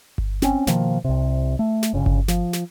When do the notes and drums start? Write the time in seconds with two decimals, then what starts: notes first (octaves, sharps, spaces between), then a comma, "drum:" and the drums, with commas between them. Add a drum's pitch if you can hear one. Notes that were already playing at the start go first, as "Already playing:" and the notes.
0.18 drum: kick G1
0.42 C4 C#4, drum: snare
0.67 B2 D#3 F3 A#3, drum: snare
1.04 C2 C3
1.59 A3
1.83 drum: snare
1.94 G1 C#3
2.06 drum: kick G1
2.28 F3, drum: snare
2.53 drum: snare